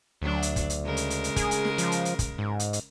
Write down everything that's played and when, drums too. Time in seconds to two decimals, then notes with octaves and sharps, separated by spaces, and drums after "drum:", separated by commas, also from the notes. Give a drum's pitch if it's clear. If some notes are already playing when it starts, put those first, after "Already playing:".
0.22 D2 F#3 D4
0.42 drum: hi-hat
0.56 drum: kick, hi-hat
0.70 drum: hi-hat
0.85 C#3 G#3 A#4
0.97 drum: hi-hat
1.10 drum: hi-hat
1.24 drum: hi-hat
1.36 G#4, drum: kick, hi-hat
1.51 drum: hi-hat
1.65 drum: snare
1.78 F3, drum: hi-hat
1.92 drum: hi-hat
2.05 drum: hi-hat
2.19 drum: kick, hi-hat
2.38 G#2
2.60 drum: hi-hat
2.73 drum: hi-hat